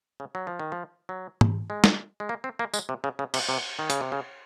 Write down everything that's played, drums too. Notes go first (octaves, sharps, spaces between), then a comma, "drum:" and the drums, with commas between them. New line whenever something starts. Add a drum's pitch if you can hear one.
C#3
F#3
F3
D#3
F3
F#3
drum: tom
G#3
drum: snare
G#3
A#3
C4
A#3
G#3, drum: tambourine
C3
C#3
C#3
C3, drum: cymbal
C3
D#3
C#3, drum: hi-hat
C3
C#3